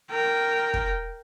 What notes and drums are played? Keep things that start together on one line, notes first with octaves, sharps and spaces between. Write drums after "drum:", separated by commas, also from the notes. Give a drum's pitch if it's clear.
A#4 G5
drum: kick